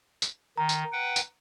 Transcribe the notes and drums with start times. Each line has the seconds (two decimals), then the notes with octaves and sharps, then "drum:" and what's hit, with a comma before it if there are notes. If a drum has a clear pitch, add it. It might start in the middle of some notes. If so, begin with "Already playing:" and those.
0.22 drum: tambourine
0.57 D#3 A#5
0.69 drum: tambourine
0.93 B4 F#5 G5
1.16 drum: tambourine